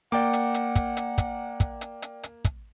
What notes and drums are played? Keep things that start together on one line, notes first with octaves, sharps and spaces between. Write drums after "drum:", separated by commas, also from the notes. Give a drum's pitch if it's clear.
A#3 D5 F#5 G5 D6
drum: hi-hat
drum: hi-hat
drum: kick, hi-hat
drum: hi-hat
drum: kick, hi-hat
drum: kick, hi-hat
drum: hi-hat
drum: hi-hat
drum: hi-hat
drum: kick, hi-hat